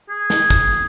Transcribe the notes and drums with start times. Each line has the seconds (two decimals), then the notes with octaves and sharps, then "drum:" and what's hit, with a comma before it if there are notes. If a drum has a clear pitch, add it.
0.09 G#4
0.30 drum: snare
0.50 drum: kick, hi-hat
0.71 drum: hi-hat